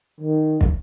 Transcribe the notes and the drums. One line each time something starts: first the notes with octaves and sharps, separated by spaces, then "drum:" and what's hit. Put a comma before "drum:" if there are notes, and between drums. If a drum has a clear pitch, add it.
D#3
drum: kick